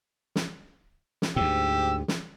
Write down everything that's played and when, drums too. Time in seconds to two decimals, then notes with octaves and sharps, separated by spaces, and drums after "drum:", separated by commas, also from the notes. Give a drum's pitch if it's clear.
0.36 drum: snare
1.22 drum: snare
1.36 D2 G#2 G4 E6
2.08 drum: snare